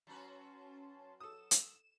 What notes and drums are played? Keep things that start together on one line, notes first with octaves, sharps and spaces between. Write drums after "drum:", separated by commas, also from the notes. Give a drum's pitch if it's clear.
F#3 C#4 F#4 B4 A5 C6
A4 D#6 E7
drum: hi-hat